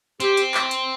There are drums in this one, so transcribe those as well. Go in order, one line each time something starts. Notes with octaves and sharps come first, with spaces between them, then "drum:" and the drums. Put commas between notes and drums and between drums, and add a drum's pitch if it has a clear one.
C4 G4, drum: hi-hat
drum: hi-hat
drum: clap
drum: hi-hat